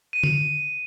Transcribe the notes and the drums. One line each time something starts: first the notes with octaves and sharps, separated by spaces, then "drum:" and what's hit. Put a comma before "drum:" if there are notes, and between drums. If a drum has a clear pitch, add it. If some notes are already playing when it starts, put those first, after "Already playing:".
D#7
drum: tom